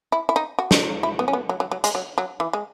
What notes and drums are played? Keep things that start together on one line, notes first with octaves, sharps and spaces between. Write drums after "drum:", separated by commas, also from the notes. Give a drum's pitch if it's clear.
E4
E4
D#4
F#4
drum: snare
E4
B3
C#4
B3
F#3
F#3
F#3
G#3, drum: hi-hat
F#3
F#3
E3
G#3